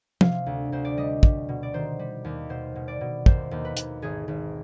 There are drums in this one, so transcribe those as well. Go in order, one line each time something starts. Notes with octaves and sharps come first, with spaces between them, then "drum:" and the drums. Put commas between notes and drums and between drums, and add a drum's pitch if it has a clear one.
C3 F5, drum: tom
D2
D2 C5
D5
G3 D#5
G3, drum: kick
B2
D5
D#3 C5
G3
D#2
B2 C5
B2
D5
B2
D#2 C5, drum: kick
D#2
B4
D#2, drum: hi-hat
G#1 G#4
G#1